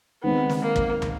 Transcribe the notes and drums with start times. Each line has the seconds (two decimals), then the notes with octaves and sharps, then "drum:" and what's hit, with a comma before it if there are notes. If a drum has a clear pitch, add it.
0.23 D#3 G#3 B3 C4 D#4
0.49 drum: snare
0.63 A#3
0.76 drum: kick
1.02 drum: tom